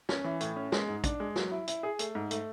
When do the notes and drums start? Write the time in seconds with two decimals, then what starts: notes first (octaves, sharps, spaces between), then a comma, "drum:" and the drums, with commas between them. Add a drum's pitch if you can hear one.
0.09 C#4, drum: snare
0.25 E3
0.41 A2, drum: hi-hat
0.56 C#4
0.72 G#3, drum: snare
0.89 G#2
1.04 D4, drum: kick, hi-hat
1.20 G#3
1.36 F#3, drum: snare
1.51 E4
1.68 E4, drum: hi-hat
1.83 G#4
1.99 A3, drum: hi-hat
2.15 G#2
2.31 A3, drum: hi-hat